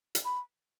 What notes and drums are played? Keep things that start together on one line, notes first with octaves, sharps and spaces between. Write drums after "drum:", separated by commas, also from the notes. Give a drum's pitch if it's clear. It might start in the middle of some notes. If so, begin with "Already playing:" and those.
drum: hi-hat
B5